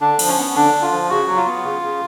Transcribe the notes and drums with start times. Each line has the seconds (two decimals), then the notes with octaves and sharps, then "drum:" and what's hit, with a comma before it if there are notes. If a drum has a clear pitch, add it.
0.01 D3 D4
0.19 F3, drum: cymbal
0.28 C#4
0.38 B3
0.55 D3 D4
0.73 D3
0.82 F4
0.92 F3
1.09 C#3 F#4
1.27 F#3
1.36 F4
1.46 B3
1.64 C#3
1.82 C#3